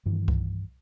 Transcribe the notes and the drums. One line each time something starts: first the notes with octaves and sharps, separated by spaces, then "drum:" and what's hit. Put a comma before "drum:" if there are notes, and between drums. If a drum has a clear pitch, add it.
G2 D#3 E3
drum: kick C2